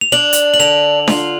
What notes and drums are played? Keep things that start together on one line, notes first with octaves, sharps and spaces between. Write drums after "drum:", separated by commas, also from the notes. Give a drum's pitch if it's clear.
F7
D4 F#7
drum: hi-hat
F#7
D3 F7
F4, drum: snare D4